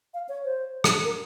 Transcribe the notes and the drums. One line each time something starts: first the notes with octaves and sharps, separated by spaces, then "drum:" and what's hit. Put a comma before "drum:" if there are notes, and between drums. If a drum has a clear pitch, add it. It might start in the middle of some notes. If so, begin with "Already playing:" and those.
F5
C#5
C5
drum: rim click
A#4